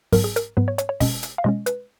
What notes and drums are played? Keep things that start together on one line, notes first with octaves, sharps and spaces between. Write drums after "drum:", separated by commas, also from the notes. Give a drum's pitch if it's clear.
G#2 F#3 B3 A#4, drum: kick, open hi-hat
G#4
A#4, drum: hi-hat
G#2 F#3 B3 B4
C#5
C#5, drum: hi-hat
C#5
B2 G#3 C#4 D#5, drum: kick, open hi-hat
drum: hi-hat
F5
B2 G#3 C#4 D#5
B4, drum: hi-hat